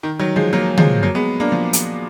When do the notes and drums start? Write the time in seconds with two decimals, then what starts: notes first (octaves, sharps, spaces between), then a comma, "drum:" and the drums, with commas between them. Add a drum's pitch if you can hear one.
0.03 D#3
0.19 D#3 F#3
0.36 F3 G#3
0.53 F#3 A#3
0.77 F3 G#3, drum: tom
1.02 F#3 A#3
1.15 G#3 B3
1.40 A#3 D4
1.52 F3
1.73 drum: hi-hat